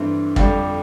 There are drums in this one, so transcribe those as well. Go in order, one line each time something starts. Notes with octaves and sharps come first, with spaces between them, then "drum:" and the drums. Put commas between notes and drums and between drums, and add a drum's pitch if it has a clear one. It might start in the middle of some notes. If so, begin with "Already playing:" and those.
Already playing: G2 E3 A3 C4
F2 D3 G3, drum: kick